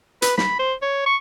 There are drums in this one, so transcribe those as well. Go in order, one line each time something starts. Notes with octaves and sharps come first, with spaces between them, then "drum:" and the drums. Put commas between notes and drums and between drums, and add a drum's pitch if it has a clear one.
B4, drum: hi-hat
B5, drum: snare
C5
C#5
C#6